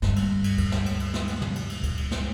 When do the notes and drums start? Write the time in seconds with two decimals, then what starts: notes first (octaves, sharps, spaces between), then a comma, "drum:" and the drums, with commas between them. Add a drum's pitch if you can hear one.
0.02 D2 G2, drum: snare
0.16 drum: cymbal
0.44 drum: cymbal
0.58 drum: kick D2, cymbal
0.72 drum: snare
0.86 drum: cymbal
1.00 drum: cymbal
1.14 drum: snare
1.28 drum: cymbal
1.42 drum: tom
1.55 drum: cymbal
1.69 drum: cymbal
1.83 drum: kick D2, cymbal
1.97 drum: cymbal
2.11 drum: snare